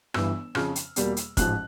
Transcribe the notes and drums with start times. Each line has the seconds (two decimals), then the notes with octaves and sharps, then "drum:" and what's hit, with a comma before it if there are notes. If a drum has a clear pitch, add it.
0.14 G1 G2 E3 E6, drum: rim click
0.55 F2 C#3 F3 F6, drum: rim click
0.76 drum: hi-hat
0.96 E2 B2 G3 A#3, drum: hi-hat
1.17 drum: hi-hat
1.37 A1 G#2 F3 F#6, drum: kick, hi-hat